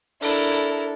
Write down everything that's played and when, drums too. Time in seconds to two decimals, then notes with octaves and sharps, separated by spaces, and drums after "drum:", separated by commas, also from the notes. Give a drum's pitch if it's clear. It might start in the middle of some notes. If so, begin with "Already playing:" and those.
0.22 D4 E4 A4 A#4, drum: open hi-hat
0.52 drum: hi-hat